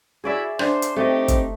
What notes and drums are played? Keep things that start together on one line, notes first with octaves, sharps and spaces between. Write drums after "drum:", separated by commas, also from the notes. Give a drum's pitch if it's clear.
E4 F#4 G#4 D5 E5
D4 C5, drum: rim click
drum: hi-hat
A3 C4 D#4 G4 D#5
drum: kick, hi-hat